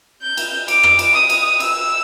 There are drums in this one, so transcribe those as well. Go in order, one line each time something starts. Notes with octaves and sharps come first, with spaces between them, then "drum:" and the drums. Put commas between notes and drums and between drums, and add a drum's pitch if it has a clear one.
G6
drum: cymbal
D6, drum: cymbal
drum: rim click
drum: cymbal
D#6
drum: cymbal
E6, drum: cymbal